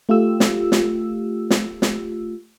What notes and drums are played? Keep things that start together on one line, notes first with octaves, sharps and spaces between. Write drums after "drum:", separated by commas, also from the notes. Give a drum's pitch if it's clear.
A3 F4 G4 E6
drum: snare
drum: snare
drum: snare
drum: snare